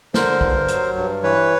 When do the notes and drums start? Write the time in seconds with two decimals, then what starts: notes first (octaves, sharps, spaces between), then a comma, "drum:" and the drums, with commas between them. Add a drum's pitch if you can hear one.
0.14 D3 A#4 C5, drum: snare
0.41 G2, drum: kick
0.68 F#3, drum: hi-hat
0.97 G2
1.23 E3 B4 C#5